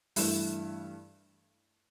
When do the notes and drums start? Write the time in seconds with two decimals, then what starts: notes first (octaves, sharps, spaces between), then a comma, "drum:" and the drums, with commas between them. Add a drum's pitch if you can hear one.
0.16 G2 E3 A3 E4, drum: open hi-hat